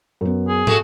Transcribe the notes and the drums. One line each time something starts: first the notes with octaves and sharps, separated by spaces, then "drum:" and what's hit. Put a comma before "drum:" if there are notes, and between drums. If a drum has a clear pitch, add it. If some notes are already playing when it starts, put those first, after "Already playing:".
F#2 B3
G#4
A3 F#4 A4, drum: tom